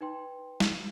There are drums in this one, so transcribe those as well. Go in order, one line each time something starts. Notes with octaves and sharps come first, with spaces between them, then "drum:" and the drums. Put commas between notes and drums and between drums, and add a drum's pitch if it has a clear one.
D#4 B4 G5 C6
drum: snare